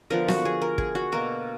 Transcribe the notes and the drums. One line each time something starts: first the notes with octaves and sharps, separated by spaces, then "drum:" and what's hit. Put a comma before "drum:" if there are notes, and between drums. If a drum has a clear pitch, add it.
D3 F3 B3 A#4
F#4, drum: snare
G#4
A#4
G#4, drum: kick
F#4
B2 A#3 A#4